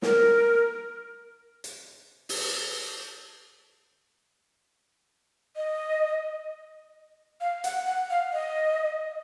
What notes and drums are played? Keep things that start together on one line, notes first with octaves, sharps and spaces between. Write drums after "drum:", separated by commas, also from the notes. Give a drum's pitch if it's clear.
A#4, drum: snare
drum: hi-hat
drum: open hi-hat
D#5
F5
F#5, drum: hi-hat
F#5
F5
D#5